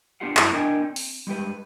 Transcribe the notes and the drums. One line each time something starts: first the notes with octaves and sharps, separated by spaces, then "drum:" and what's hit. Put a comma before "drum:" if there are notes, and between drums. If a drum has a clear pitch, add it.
A#3 D4 F4 G4 F5 F#5
G2 F#3 E4 A5 A#5, drum: clap
A#3 D4 A#4 D#5 G5 G#5
C4
drum: open hi-hat
G3 G#3 G4 B4